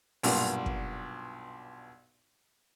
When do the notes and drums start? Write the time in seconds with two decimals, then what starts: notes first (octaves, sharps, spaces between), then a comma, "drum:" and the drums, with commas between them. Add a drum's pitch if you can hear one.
0.23 B1 G2 A#2, drum: open hi-hat
0.66 drum: kick